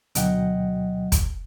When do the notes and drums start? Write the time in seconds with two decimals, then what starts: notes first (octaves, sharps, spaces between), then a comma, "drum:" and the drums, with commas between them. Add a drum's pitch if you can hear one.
0.15 D2 B2 F#3 D#5 F#5 G5, drum: hi-hat
1.12 drum: kick, hi-hat